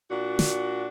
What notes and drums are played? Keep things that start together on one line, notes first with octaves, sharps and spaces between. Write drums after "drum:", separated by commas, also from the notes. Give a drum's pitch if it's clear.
A#2 D4 F#4
drum: snare